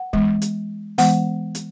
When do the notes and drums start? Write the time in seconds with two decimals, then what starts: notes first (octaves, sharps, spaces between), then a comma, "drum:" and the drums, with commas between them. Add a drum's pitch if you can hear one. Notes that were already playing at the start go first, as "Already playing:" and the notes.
Already playing: F#5
0.13 E3 G#3 B3, drum: kick
0.42 drum: hi-hat
0.98 E3 G#3 B3 F#5, drum: open hi-hat
1.55 drum: hi-hat